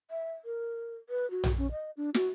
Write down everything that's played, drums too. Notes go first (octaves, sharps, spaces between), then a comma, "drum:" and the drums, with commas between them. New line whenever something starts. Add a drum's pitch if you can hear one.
E5
A#4
B4
F#4
drum: tom A#1
C#4
D#5
D4
F#4, drum: snare